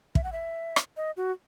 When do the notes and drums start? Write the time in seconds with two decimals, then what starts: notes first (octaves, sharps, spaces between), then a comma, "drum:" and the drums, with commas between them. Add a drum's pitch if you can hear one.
0.15 E5, drum: kick
0.24 F#5
0.32 E5
0.76 drum: rim click
0.97 D#5
1.17 F#4